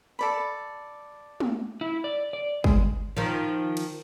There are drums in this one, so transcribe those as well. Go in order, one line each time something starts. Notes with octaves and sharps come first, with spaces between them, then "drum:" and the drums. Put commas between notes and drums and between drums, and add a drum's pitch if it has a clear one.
A4 D5 B5
drum: tom
E4
D5
D5
G#3, drum: kick
D#3 F3
drum: cymbal